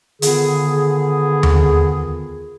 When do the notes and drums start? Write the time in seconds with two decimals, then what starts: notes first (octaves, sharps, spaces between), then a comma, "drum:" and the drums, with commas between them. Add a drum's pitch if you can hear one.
0.22 D3 D#3 B3 F4 G#4, drum: hi-hat
1.43 drum: tom D#2